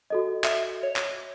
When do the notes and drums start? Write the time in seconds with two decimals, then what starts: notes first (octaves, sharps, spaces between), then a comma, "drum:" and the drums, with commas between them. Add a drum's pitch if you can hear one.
0.10 F#4 A4 D#5
0.44 E5, drum: clap
0.83 C#5
0.96 drum: clap